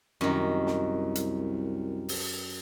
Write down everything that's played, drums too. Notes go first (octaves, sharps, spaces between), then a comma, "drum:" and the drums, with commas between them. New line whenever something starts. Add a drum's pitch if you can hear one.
C2 F#2 D#3
drum: snare
drum: hi-hat
drum: open hi-hat